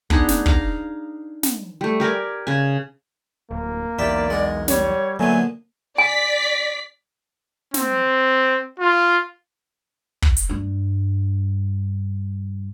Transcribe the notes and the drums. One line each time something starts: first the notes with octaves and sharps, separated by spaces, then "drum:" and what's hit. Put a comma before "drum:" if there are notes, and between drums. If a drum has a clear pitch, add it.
B3 D4 D#4 G#4, drum: kick
drum: snare
F5 A#5, drum: kick
drum: snare
G3 A3
G4 A#4 D5 G#5
C#3 G#5
D1 A#3
B1 E2 G4 D5 E5 G5
G#3 A#4 F#5
G3 C#5, drum: snare
A#2 D3 F#3 A3 B3 G#5
D5 G#5 B6
C4, drum: snare
F4
drum: kick
drum: hi-hat
G2 D4